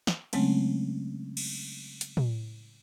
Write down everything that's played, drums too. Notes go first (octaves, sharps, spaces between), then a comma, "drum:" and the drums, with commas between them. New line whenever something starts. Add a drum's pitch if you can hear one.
drum: snare
C#3 F#3 G#3 A3 C4 C#4, drum: cymbal
drum: cymbal
drum: hi-hat
drum: tom